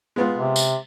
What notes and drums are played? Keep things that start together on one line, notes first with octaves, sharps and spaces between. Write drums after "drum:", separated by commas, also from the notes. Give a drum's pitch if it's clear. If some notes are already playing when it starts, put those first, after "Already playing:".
G#3 B3 F4
C3
drum: tambourine